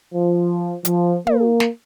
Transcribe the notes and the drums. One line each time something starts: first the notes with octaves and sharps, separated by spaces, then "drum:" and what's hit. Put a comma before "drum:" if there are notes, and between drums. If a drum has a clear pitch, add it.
F3
F3, drum: hi-hat
A#3, drum: tom
drum: snare